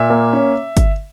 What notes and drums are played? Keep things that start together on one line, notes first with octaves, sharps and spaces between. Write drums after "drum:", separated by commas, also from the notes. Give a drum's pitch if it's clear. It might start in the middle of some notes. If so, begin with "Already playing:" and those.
Already playing: A#2 E5
A#3
C#4
drum: kick G1, hi-hat